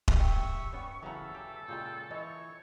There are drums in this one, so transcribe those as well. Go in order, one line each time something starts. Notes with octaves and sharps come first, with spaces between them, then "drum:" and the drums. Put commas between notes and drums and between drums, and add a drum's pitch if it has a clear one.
drum: kick D#1
G4 E5 C#6
G3 B3 C#4
E2 C#3 F#3 A4 E5 A#5
G4
A#2 C#3 F#3 G#3 F4 G5
E3 C#5 D#5